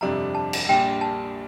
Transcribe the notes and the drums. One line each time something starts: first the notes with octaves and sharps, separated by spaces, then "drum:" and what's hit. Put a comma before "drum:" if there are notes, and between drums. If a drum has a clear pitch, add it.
G1 F2 C3 G3 D4 A#5
A5
drum: cymbal
A#1 A#2 G3 D4 G5
A5